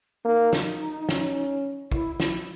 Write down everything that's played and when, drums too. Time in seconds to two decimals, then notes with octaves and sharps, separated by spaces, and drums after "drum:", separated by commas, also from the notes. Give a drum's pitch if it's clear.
0.25 A#3 D#4
0.53 drum: snare
1.09 C#4, drum: snare
1.91 E4, drum: kick
2.20 E4, drum: snare